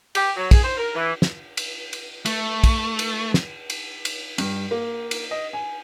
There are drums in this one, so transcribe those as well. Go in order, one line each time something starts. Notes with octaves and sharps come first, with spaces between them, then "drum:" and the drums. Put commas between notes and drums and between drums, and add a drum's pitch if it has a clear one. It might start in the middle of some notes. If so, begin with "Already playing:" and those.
G4, drum: cymbal
F#3
G#4, drum: kick, cymbal
C5
A#4
E3
drum: snare
drum: cymbal
drum: cymbal
A3, drum: cymbal
drum: kick, cymbal
drum: cymbal
drum: snare
drum: cymbal
drum: cymbal
G2, drum: cymbal
A#3
drum: cymbal
D#5
G#5